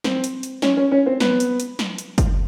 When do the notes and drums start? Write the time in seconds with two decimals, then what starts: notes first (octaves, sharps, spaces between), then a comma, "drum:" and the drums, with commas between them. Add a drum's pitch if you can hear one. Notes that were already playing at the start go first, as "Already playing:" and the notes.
0.04 C4 C5, drum: snare
0.24 drum: hi-hat
0.43 drum: hi-hat
0.62 C#4 C#5, drum: snare
0.77 C#4 C#5
0.91 C#4 C#5
1.06 C4 C5
1.20 B3 B4, drum: snare
1.40 drum: hi-hat
1.60 drum: hi-hat
1.79 drum: snare
1.98 drum: hi-hat
2.18 drum: kick, hi-hat